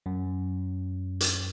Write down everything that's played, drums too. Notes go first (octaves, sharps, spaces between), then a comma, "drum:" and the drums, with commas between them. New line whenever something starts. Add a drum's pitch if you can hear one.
F#2
drum: hi-hat